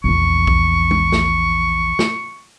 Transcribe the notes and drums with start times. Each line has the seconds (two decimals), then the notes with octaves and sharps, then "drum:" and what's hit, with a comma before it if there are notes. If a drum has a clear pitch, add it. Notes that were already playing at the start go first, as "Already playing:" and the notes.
0.04 A#1 E2 C#6
0.47 drum: kick
0.91 drum: tom
1.12 drum: snare
1.99 drum: snare